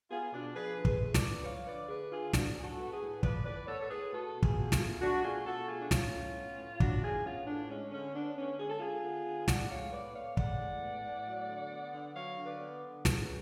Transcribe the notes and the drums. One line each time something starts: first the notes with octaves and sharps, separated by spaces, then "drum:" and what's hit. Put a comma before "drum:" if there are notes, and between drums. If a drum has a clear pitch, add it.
B3 F4 G#4
B2 D4
F3 G#4 B4
D3
G#4 B4, drum: kick
A3
B4 D5, drum: snare
D3
F3 C#5 F5
D3 B4 D5
A3 G#4 B4
D3 F4 G#4
F3 D4 F#4, drum: snare
A2 G#4
F#4 A4
B3
G#4 B4
A2
F3 B4 D5, drum: kick
A2 B4 D5
B3 A4 C#5
A4
A2 G#4 B4
A3 F#4 A4
B2
F4 G#4, drum: kick
B2
F4 G#4, drum: snare
A3
A3 D4 F#4
B2 F4 G#4
B2 F#4 A4
A3 F4 G#4
D4
F#3 C#4 F4, drum: snare
A2
B3
A2
F#3 D4 F#4, drum: kick
A2 F4 G#4
B3 C#4 F4
A2 D4
G#3 C#4
D3 C#4
B3 D4
D3 C#4
G#3 G#4
A4
D3 F4 G#4
B3
D3
G#3 D5 F#5, drum: snare
A2 C#5 F5
B3 B4 D5
A2 C#5 F5
G#3 D5 F#5, drum: kick
A2
B3
A2
F#3
D3
B3
D3
F#3 C#5 F5
D3
B4 D5
B3
D3
F#3 G#4 B4, drum: snare